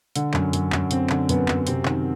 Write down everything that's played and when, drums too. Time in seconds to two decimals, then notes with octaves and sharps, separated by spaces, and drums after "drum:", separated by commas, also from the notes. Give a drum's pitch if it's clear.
0.16 D3, drum: hi-hat
0.34 F#2, drum: clap
0.53 F#2, drum: hi-hat
0.72 F#2, drum: clap
0.91 D3 C4, drum: hi-hat
1.10 D3, drum: clap
1.29 F#2 B3, drum: hi-hat
1.48 F#2, drum: clap
1.67 C3 C4, drum: hi-hat
1.85 D#3, drum: clap